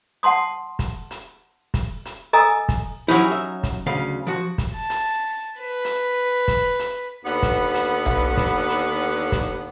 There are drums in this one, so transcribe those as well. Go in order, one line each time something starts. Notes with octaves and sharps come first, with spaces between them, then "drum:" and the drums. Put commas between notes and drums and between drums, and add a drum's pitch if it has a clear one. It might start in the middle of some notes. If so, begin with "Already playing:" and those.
F#5 A5 C6 D#6
drum: kick, hi-hat
drum: hi-hat
drum: kick, hi-hat
drum: hi-hat
A4 D#5 G#5 A#5 D#6 E6
drum: kick, hi-hat
F#3 C#4 D#4 E4 G4
E5
drum: kick, hi-hat
D2 C#3 F5
F3 F#4
drum: kick, hi-hat
A5
drum: hi-hat
B4
drum: hi-hat
drum: kick, hi-hat
drum: hi-hat
D#2 D3 B3
drum: kick, hi-hat
drum: hi-hat
drum: tom B1
drum: kick, hi-hat
drum: hi-hat
drum: kick, hi-hat